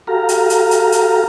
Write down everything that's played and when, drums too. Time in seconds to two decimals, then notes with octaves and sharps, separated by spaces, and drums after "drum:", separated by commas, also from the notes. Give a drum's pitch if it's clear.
0.07 F#4 G4 A4 F5 A#5
0.29 drum: hi-hat
0.50 drum: hi-hat
0.71 drum: hi-hat
0.92 drum: hi-hat